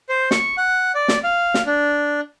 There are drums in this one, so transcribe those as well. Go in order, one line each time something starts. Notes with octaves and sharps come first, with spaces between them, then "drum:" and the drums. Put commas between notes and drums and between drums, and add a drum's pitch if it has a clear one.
C5
C#6, drum: snare
F#5
D5
drum: snare
F5
drum: snare
D4